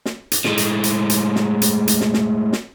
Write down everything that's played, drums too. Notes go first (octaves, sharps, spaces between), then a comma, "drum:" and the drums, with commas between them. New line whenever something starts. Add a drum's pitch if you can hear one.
drum: snare
drum: hi-hat
A2 G#3, drum: snare
drum: hi-hat
drum: hi-hat
drum: hi-hat
drum: snare
drum: hi-hat
drum: hi-hat
drum: snare
drum: snare
drum: snare